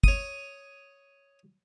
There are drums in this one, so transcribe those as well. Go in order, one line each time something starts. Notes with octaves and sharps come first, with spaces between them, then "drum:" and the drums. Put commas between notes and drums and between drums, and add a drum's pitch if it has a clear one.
C#5 D#6, drum: kick